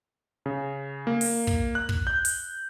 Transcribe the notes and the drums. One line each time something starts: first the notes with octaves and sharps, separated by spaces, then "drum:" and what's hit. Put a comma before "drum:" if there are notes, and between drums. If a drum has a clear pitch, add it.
C#3
A#3
drum: open hi-hat
drum: kick
F#6
drum: kick
G6
drum: hi-hat